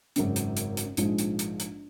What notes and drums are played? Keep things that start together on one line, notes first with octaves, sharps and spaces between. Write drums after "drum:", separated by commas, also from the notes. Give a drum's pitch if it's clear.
G#1 F#2 C#3, drum: hi-hat
drum: hi-hat
drum: hi-hat
drum: hi-hat
A#1 G#2 F3 G#3, drum: hi-hat
drum: hi-hat
drum: hi-hat
drum: hi-hat